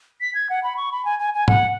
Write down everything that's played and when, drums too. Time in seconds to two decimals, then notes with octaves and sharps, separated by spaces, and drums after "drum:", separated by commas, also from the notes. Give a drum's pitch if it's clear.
0.21 B6
0.35 G#6
0.50 F#5
0.63 B5
0.77 C#6
0.92 B5
1.05 G#5
1.19 G#5
1.34 G#5
1.48 F#5, drum: tom G#2